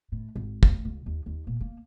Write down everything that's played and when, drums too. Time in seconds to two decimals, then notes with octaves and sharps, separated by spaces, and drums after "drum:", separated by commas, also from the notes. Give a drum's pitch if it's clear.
0.12 A2
0.36 G#1
0.63 D2, drum: kick
0.85 C#2
1.06 D#2
1.26 D#2
1.47 A#2
1.61 A#3